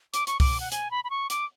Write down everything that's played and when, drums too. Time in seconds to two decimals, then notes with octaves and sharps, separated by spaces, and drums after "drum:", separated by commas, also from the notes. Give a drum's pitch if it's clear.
0.14 D6, drum: hi-hat
0.27 C#6, drum: hi-hat
0.40 D6, drum: kick C2, open hi-hat
0.60 F#5
0.72 G#5, drum: hi-hat
0.91 B5
1.04 B5
1.10 C#6
1.30 D6, drum: hi-hat